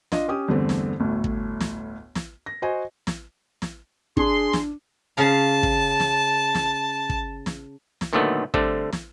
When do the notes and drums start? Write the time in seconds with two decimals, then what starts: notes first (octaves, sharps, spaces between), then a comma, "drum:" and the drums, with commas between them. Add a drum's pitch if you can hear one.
0.12 D4 F4 D#5, drum: snare
0.28 C#4 G4 D#6
0.48 E2 G2 D3 A3 C4
0.69 drum: snare
1.00 G1 D2 A2
1.24 drum: kick
1.60 drum: snare
2.15 drum: snare
2.46 A#6
2.62 F#4 C5 D#5 G#5
3.07 drum: snare
3.62 drum: snare
4.17 D4 G#4 C6, drum: kick
4.53 drum: snare
5.17 C#3 F5 A5 A#5
5.63 drum: kick
6.00 drum: snare
6.55 drum: snare
7.10 drum: kick
7.46 drum: snare
8.01 drum: snare
8.13 A#2 D3 D#3 F#3 A3 B3
8.54 D3 G3 A3 C4, drum: kick
8.93 drum: snare